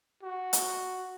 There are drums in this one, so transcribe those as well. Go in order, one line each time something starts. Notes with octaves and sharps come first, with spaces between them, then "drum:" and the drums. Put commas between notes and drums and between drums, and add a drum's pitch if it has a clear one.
F#4
drum: hi-hat